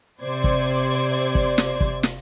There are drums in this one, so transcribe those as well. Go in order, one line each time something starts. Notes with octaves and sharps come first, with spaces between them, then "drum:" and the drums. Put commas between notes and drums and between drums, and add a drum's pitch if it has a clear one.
C3 C5 D5 G#6
drum: kick
drum: kick
drum: snare
drum: kick
drum: snare